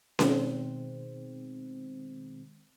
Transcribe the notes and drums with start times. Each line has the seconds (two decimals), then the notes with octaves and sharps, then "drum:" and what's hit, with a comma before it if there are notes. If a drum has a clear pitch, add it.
0.19 B2 D#3 G#3 C4, drum: snare C#4